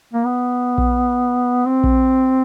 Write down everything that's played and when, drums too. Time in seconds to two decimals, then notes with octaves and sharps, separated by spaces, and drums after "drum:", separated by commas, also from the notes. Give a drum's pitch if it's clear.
0.13 A#3
0.25 B3
0.78 drum: kick A#1
1.66 C4
1.84 drum: kick A#1